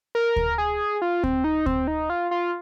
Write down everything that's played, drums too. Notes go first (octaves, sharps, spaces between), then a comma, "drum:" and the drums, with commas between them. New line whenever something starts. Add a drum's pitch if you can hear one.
A#4
drum: kick D2
G#4
F4
C4, drum: kick D2
D#4
C4, drum: kick D2
D#4
F4
F4